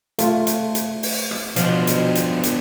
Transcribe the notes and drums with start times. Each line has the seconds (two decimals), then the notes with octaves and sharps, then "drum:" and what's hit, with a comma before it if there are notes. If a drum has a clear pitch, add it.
0.19 A3 F4, drum: hi-hat
0.47 drum: hi-hat
0.75 drum: hi-hat
1.03 drum: open hi-hat
1.31 drum: rim click
1.56 B2 F3 B3 D4, drum: hi-hat
1.87 drum: hi-hat
2.15 drum: hi-hat
2.43 drum: hi-hat